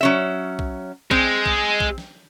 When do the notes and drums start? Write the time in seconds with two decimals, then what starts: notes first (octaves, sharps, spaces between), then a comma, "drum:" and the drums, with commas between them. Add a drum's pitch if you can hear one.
0.01 F#3 C#4 E5
0.59 drum: kick
1.11 G#3 C4, drum: kick
1.46 drum: kick
1.80 drum: kick
1.98 drum: snare